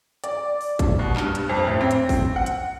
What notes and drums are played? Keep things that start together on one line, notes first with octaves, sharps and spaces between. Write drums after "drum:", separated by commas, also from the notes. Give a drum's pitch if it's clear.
D5, drum: hi-hat
drum: open hi-hat
drum: kick, hi-hat
B2
G2, drum: clap
drum: hi-hat
F2
A1
C4
drum: hi-hat
drum: kick, open hi-hat
F#5
drum: hi-hat